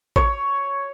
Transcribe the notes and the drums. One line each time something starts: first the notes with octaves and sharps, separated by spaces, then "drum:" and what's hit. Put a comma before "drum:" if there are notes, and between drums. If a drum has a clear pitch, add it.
C#5, drum: kick A1